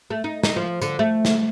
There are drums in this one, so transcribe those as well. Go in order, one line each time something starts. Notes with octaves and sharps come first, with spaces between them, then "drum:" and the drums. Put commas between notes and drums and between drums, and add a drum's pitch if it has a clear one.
A3
D#4
D#4, drum: snare
F3
D3, drum: tambourine
A3
drum: snare